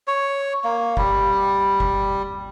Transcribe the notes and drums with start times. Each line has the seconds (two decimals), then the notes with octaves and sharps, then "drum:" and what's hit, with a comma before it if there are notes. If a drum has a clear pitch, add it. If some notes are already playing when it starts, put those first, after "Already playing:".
0.08 C#5
0.64 A#3
0.97 G3, drum: kick F#1
1.80 drum: kick F#1